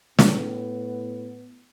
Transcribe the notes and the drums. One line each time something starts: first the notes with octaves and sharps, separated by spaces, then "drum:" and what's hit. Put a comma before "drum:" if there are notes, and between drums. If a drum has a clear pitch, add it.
A2 B3, drum: snare